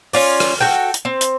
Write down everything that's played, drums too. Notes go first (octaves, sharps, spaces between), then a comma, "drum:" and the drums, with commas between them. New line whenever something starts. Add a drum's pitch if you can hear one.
C#4 F4 D5, drum: open hi-hat
drum: rim click
F#4 A4 G5
drum: hi-hat
C4
drum: hi-hat